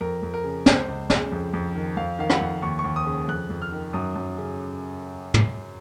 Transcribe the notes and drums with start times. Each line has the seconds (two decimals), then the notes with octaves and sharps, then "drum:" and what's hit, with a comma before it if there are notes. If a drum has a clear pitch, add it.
0.01 F2 A#4
0.23 F2
0.34 A#4
0.44 C#3
0.66 C#2 C5, drum: snare
0.88 C#2
1.10 C#3, drum: snare
1.32 F2
1.53 F2
1.75 D#3
1.97 F2 F5
2.19 D#3 F5
2.30 F#5, drum: rim click
2.41 F2
2.62 D#2 C#6
2.79 C#6
2.84 D#2
2.96 D#6
3.06 C#3
3.28 F2 F#6
3.50 F2
3.62 F6
3.72 D#3
3.93 F#2 D#6
4.16 F#2
4.38 C#3
5.34 drum: tom